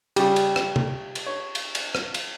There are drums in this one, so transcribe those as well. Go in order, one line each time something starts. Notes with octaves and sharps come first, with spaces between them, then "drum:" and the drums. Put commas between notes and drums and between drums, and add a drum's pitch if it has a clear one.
C#3 G3 G4, drum: cymbal
drum: cymbal
drum: rim click
drum: tom
drum: cymbal
C#5
drum: cymbal
drum: cymbal
drum: rim click
drum: cymbal